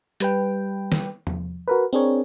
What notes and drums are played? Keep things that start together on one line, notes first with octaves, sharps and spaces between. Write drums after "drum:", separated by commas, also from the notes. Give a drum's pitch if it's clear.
G3 B4 G5, drum: hi-hat
drum: snare
drum: tom
F#4 A#4 B4
C4 D4 G#4 A#4 C#5